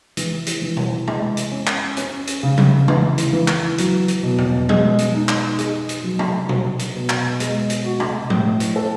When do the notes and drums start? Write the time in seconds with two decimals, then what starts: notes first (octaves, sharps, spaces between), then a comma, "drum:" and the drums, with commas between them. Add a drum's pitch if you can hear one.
0.17 E3, drum: hi-hat
0.47 drum: hi-hat
0.61 E3
0.77 drum: tom B2
1.07 G#3, drum: tom
1.37 drum: hi-hat
1.51 C#4
1.67 drum: clap
1.97 C#4, drum: hi-hat
2.27 drum: hi-hat
2.43 C#3
2.57 drum: tom F3
2.88 E3, drum: tom
3.18 drum: hi-hat
3.33 E3
3.48 drum: clap
3.78 F#3, drum: hi-hat
4.08 drum: hi-hat
4.23 B2
4.38 drum: tom E2
4.69 G#3, drum: tom F3
4.99 drum: hi-hat
5.14 D#4
5.29 drum: clap
5.59 G#4, drum: hi-hat
5.89 drum: hi-hat
6.04 F#3
6.19 drum: tom
6.49 F#4, drum: tom B2
6.79 drum: hi-hat
6.95 B2
7.09 drum: clap
7.40 G#3, drum: hi-hat
7.70 drum: hi-hat
7.84 F#4
8.00 drum: tom
8.30 A2, drum: tom F3
8.60 drum: hi-hat
8.76 A4